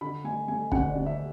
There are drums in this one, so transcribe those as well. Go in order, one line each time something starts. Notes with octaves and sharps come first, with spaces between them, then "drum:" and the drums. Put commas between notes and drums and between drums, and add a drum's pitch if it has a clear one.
D3 B5
A3 G#5
A3 G#5
D2 F#5, drum: kick
D5
D2
E5